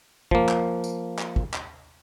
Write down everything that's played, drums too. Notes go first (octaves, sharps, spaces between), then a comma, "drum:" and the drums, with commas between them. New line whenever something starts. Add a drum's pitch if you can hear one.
F3 A#3, drum: kick
drum: clap
drum: tambourine
drum: clap
drum: kick
drum: clap